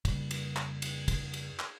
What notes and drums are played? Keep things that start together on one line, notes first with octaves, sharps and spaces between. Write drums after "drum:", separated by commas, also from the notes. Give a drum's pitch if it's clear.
F2 C#3 G3 A#3, drum: kick, cymbal
drum: cymbal
drum: clap
drum: cymbal
drum: kick, cymbal
drum: cymbal
drum: clap